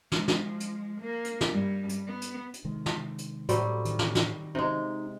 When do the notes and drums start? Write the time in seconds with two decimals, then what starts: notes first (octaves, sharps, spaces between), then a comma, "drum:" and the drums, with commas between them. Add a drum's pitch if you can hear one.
0.12 F3 G#3, drum: snare
0.28 drum: snare
0.60 drum: hi-hat
1.01 A#3
1.25 drum: hi-hat
1.41 drum: snare
1.52 G2 G3
1.89 drum: hi-hat
2.07 B3
2.21 drum: hi-hat
2.54 drum: hi-hat
2.64 C3 D#3 G#3
2.86 drum: snare
3.18 drum: hi-hat
3.49 A2 F#3 G3 C4, drum: hi-hat
3.85 D#3, drum: hi-hat
3.99 drum: snare
4.15 drum: snare
4.55 C3 G#3 D#4